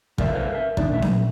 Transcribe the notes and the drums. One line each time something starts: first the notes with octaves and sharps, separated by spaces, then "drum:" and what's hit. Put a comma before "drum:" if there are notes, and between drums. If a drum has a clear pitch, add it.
A4 A#4 D5 E5 F5, drum: kick
A4 B4 C5 E5 F5
A#4 E5
D4 D#4 D5, drum: kick
D#2 A#2 C#3 A3 E5
A#2 F#3, drum: snare C#4